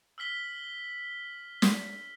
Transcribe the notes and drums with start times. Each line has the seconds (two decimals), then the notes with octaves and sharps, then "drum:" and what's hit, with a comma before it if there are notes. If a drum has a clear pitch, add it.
0.18 E6 F6 B6 G7
1.62 drum: snare